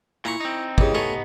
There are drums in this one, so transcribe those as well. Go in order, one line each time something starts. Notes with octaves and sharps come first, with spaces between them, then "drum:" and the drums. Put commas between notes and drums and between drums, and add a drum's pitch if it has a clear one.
A#2 E4 A#5 C#6
C4 D#4
C#3 E3 G4 D#5, drum: kick G#1
A3 B3 D#4 C#5 G#5